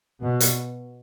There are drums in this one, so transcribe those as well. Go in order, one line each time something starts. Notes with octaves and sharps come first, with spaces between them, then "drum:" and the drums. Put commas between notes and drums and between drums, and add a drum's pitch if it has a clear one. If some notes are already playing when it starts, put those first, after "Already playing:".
B2
drum: hi-hat